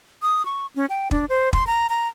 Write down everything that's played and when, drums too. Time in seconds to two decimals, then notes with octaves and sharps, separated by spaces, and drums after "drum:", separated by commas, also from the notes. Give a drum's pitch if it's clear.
0.22 D#6
0.45 C#6
0.76 C#4
0.90 G5
1.11 D4, drum: kick
1.29 C5
1.53 C6, drum: kick
1.67 A#5
1.89 A#5